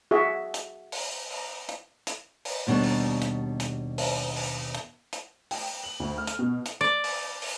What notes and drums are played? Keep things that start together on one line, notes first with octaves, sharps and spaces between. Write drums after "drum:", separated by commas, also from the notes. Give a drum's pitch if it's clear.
F#4 G#4 E5
drum: hi-hat
drum: open hi-hat
drum: open hi-hat
drum: hi-hat
drum: hi-hat
drum: open hi-hat
D#2 B2 G3 D4 C#5
drum: open hi-hat
drum: hi-hat
drum: hi-hat
drum: open hi-hat
drum: open hi-hat
drum: hi-hat
drum: hi-hat
G5, drum: open hi-hat
F#7
D2
F6
drum: hi-hat
B2
drum: hi-hat
D5
drum: open hi-hat
drum: open hi-hat